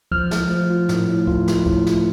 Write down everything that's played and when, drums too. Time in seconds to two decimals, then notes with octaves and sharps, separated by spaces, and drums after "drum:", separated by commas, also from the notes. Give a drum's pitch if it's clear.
0.12 F3 F6, drum: kick
0.31 A3, drum: snare
0.50 F3
0.70 F4
0.89 A2, drum: snare
1.08 A2
1.27 F4, drum: kick
1.48 F4, drum: snare
1.66 A2, drum: kick
1.86 F4, drum: snare